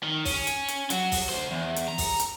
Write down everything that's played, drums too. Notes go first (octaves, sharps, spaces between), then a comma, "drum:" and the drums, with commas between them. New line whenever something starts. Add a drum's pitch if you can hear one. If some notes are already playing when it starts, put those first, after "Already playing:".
D#3
C#4, drum: kick, open hi-hat
drum: hi-hat
drum: hi-hat
F#3 F#4, drum: hi-hat
drum: kick, open hi-hat
D2 C5
E2
drum: hi-hat
A#5
drum: kick, open hi-hat
drum: hi-hat